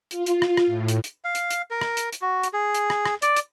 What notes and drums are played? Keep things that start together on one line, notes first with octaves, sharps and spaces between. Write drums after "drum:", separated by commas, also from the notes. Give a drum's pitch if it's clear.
F4, drum: hi-hat
drum: hi-hat
drum: rim click
drum: rim click
A2
drum: hi-hat
drum: hi-hat
F5
drum: hi-hat
drum: hi-hat
A#4
drum: rim click
drum: hi-hat
drum: hi-hat
F#4
drum: hi-hat
G#4
drum: hi-hat
drum: rim click
drum: rim click
D5, drum: hi-hat
drum: hi-hat